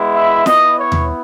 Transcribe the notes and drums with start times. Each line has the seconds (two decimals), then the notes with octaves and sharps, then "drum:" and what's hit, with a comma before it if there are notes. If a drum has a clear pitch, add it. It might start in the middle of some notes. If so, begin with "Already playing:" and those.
Already playing: G#3 B3 E4
0.15 E5
0.46 B3 E4 D#5, drum: snare
0.77 C#5
0.92 drum: tom D#2